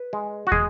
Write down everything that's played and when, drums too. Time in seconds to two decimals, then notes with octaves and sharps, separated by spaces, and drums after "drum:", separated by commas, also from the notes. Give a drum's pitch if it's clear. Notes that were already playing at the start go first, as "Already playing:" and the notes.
Already playing: B4
0.13 G#3
0.47 F#4
0.52 G#3 G#4, drum: kick